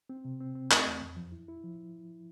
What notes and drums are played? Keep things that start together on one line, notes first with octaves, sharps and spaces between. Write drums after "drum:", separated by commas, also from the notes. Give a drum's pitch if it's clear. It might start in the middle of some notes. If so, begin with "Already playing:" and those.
C4
C3
C4
C4
A3, drum: clap
E2
F2
F3
E4
E4
F3